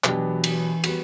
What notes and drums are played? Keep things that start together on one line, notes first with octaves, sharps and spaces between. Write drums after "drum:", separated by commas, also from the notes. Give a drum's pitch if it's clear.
B2 E3 F#3 B3 D4 G4, drum: clap
drum: cymbal
G3 B3 F#4, drum: cymbal